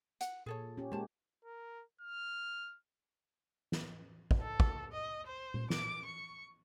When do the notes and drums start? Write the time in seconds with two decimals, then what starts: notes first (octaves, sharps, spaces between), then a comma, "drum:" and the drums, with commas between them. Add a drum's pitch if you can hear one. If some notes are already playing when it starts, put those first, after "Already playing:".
0.21 F#5, drum: hi-hat
0.46 A#2 G#4 A4 C#5
0.77 C#4 G4
0.92 G#3 A#3 G4 C5 A5
1.45 A#4
2.01 F6
3.72 drum: snare
4.31 drum: kick
4.42 A4
4.60 drum: kick
4.92 D#5
5.27 C5
5.54 drum: tom A#2
5.70 D6, drum: snare
6.05 C#6